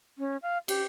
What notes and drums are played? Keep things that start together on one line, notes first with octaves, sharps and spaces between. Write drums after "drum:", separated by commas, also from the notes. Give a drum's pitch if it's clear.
C#4
F5
G4, drum: cymbal